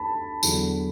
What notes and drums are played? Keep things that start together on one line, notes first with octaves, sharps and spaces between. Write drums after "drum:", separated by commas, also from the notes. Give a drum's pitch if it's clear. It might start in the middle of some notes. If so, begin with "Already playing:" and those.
Already playing: D2 A5 B5
E2 D3 F#3, drum: tambourine